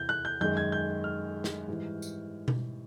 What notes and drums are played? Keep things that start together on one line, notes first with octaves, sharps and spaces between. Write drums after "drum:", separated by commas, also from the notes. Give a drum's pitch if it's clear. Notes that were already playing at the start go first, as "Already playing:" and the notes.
Already playing: E2 C3 E3 G6
F#6
G6
F#2 D#3 G#3 G6
G#6
G6
F6
drum: snare
G#2 E3 G3
drum: tambourine
drum: tom B2